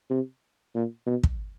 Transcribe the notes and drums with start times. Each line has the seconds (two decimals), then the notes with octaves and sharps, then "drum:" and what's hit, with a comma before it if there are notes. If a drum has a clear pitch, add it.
0.10 C3
0.75 A#2
1.06 B2
1.23 drum: kick